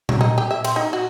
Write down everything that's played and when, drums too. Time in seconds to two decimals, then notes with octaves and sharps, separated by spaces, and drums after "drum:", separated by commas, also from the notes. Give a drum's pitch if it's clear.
0.09 F#3, drum: tom A#2
0.21 D#4
0.38 G4
0.51 E5
0.64 C4, drum: cymbal
0.76 D#4
0.93 F#4